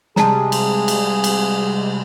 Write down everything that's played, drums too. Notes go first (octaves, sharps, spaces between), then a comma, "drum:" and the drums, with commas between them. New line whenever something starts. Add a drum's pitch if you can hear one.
C3 G3 G#3 G#4 A5 A#5, drum: snare
drum: cymbal
drum: cymbal
drum: cymbal